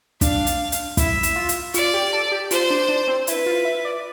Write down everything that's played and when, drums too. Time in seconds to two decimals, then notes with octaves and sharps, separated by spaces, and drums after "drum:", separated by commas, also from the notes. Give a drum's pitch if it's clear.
0.21 D4 F5, drum: kick, hi-hat
0.47 drum: hi-hat
0.72 drum: hi-hat
0.97 E4 E5, drum: kick, hi-hat
1.23 drum: hi-hat
1.36 F4
1.49 drum: hi-hat
1.74 F4 D5, drum: hi-hat
1.94 G4
2.13 A4
2.32 G4
2.51 F4 C5, drum: hi-hat
2.70 D4
2.88 D4
3.08 C4
3.27 E4 B4, drum: hi-hat
3.46 F4
3.65 E5
3.85 D5